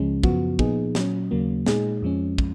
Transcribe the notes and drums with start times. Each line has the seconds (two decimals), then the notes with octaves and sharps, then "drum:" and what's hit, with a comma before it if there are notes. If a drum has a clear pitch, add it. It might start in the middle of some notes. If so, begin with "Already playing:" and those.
Already playing: C#2 C#3 F3 G#3 C#4
0.24 F#2 C#3 F3 B3 F#4, drum: kick
0.59 A#2 F3 B3 D#4 G#4, drum: kick
0.95 A#2 F#3 C#4, drum: snare
1.31 D#2 C#3 F#3 A#3
1.66 A#2 G#3 D#4 G#4, drum: snare
2.02 F2 F3 G#3 C#4
2.38 drum: kick